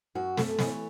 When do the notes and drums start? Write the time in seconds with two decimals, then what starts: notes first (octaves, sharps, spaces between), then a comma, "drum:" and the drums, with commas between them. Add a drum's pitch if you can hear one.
0.15 F#2 F#4
0.37 A3 A4, drum: snare
0.59 E3 D#5, drum: snare
0.68 C#5